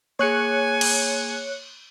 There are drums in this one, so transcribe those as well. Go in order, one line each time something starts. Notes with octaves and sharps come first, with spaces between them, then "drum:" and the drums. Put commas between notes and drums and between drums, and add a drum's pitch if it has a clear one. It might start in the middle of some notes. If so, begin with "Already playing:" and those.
A#3 G#4 C#5 G#5 F#6 C#7
drum: cymbal